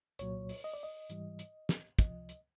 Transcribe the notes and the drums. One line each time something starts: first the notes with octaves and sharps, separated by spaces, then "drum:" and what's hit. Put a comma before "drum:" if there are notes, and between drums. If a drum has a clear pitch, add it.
C2 A#2 F#3 C#5, drum: hi-hat
drum: open hi-hat
D#5
D5
D#5
G#2 E3 G3, drum: hi-hat
drum: hi-hat
drum: snare
C#2 C3 F3 D#5, drum: kick, hi-hat
drum: hi-hat